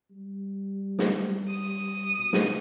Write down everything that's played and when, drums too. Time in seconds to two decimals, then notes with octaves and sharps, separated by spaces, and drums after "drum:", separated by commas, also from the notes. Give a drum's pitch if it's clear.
0.10 G3
0.99 drum: snare
1.49 D#6
2.18 B2
2.33 drum: snare